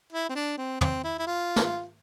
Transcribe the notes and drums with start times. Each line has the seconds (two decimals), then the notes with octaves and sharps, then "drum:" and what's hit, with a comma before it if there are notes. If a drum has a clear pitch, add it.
0.12 E4
0.29 C4
0.35 D4
0.58 C4
0.81 C4, drum: tom
1.04 E4
1.19 E4
1.27 F4
1.56 drum: snare